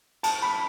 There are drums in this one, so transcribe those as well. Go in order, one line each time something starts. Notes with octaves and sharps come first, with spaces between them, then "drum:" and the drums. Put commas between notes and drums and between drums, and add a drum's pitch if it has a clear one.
A5, drum: cymbal
B5